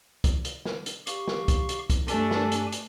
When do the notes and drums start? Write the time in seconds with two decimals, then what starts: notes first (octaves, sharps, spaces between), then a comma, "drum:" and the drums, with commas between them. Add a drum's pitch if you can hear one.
0.24 drum: kick, hi-hat
0.45 drum: hi-hat
0.65 drum: snare
0.86 drum: hi-hat
1.07 G4 F5 C#6, drum: hi-hat
1.28 drum: snare
1.48 drum: kick, hi-hat
1.69 drum: hi-hat
1.90 drum: kick, hi-hat
2.08 G2 A3 D4 G4 A4 G#5, drum: hi-hat
2.31 drum: snare
2.52 drum: hi-hat
2.72 drum: hi-hat